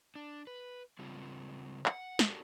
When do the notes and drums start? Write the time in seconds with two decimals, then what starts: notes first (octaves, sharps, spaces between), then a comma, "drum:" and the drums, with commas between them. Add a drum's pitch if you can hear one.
0.16 D4
0.47 B4
0.99 C#3 G3 G#3 C4 F4
1.86 F#5, drum: clap
2.19 D4 E4 F#4 G4 A4 A#4, drum: snare